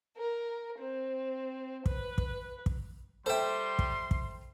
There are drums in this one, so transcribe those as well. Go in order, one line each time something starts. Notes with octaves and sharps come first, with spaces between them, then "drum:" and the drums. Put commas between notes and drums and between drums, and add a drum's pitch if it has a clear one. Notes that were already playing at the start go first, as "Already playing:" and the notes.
A#4
C4
B4, drum: kick
drum: kick
drum: kick
G3 A4 C5 E5 G5 C6
drum: kick
drum: kick